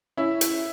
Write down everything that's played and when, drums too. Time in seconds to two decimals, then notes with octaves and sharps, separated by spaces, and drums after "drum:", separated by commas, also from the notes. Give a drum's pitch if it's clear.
0.17 C#4 E4 E5
0.41 drum: hi-hat